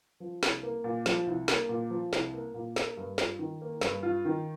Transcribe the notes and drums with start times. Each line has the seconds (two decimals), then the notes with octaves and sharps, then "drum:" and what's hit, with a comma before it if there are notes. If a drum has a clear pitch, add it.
0.20 F3
0.43 C2, drum: snare
0.63 A#3
0.84 A#2
1.06 F3, drum: snare
1.27 C2
1.48 A#3, drum: snare
1.69 A#2
1.90 F3
2.13 C2, drum: snare
2.34 A#3
2.54 A#2
2.76 A#3, drum: snare
2.97 G2
3.18 F4, drum: snare
3.39 D#3
3.61 A#3
3.81 G2, drum: snare
4.03 F4
4.25 D#3